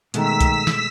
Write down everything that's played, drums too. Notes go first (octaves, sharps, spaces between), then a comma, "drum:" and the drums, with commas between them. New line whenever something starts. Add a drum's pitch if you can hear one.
B2 D#3 G#3 A3 E6 B6, drum: hi-hat
drum: kick C2, hi-hat
drum: snare